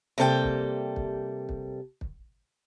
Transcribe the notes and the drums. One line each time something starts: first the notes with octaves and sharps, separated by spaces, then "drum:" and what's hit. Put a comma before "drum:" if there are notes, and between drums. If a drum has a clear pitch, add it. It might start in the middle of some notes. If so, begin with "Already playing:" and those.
C3 G3 A#3 A4 A#4 G5
drum: kick
drum: kick
drum: kick
drum: kick